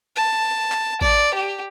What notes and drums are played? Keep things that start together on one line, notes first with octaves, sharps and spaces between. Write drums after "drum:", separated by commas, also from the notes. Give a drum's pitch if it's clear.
A5
drum: clap
D5, drum: kick A1
G4